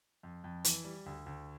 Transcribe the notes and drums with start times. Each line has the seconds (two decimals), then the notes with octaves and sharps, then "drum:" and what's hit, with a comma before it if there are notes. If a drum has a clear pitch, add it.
0.23 F2
0.44 F2
0.65 E3, drum: hi-hat
0.84 G3
1.06 D2
1.26 D2